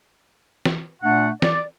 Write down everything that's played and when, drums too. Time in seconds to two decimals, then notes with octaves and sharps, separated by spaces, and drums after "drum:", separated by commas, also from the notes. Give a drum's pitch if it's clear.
0.65 drum: snare
1.02 A#2 A3 D4 F#5
1.42 D5, drum: snare